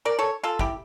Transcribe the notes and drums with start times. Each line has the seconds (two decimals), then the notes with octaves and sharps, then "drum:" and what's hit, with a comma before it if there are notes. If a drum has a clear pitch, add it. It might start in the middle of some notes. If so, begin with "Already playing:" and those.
0.05 A#4 D5
0.19 A4 C#5
0.43 F4 A4
0.59 E4 G4, drum: kick